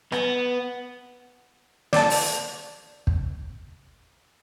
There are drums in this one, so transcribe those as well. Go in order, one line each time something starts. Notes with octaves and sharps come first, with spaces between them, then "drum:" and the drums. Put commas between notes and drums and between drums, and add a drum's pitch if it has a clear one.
B3, drum: rim click
D5 A5, drum: snare
drum: open hi-hat
drum: kick